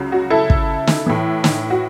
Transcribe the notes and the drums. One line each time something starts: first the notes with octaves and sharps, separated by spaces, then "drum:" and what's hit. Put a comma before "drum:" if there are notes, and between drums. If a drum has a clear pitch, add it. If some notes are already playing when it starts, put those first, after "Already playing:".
Already playing: C#2 C#3 F#3
F#4
E4 A4
drum: kick
drum: snare
A2 E3
drum: snare
F#4